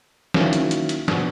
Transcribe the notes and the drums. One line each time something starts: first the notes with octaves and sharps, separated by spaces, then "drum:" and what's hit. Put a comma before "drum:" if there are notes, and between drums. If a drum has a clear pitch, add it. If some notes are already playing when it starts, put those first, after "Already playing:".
D#3 F#3 A#3 C#4 E4, drum: snare
drum: hi-hat
drum: hi-hat
drum: hi-hat
B2 F#3 B3 D4 F#4, drum: snare